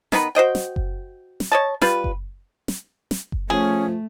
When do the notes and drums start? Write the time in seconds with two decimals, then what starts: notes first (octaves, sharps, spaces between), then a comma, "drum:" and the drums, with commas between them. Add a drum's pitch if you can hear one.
0.12 D#3 B3 D#4 B4, drum: snare
0.35 F#4 C5 D#5 G5
0.55 drum: snare
0.76 drum: kick F#1
1.40 drum: snare
1.52 C#5 D#5 A5
1.81 G3 F4 B4, drum: snare
2.04 drum: kick F#1
2.68 drum: snare
3.11 drum: snare
3.32 drum: kick F#1
3.50 F3 A3 C#4 G#4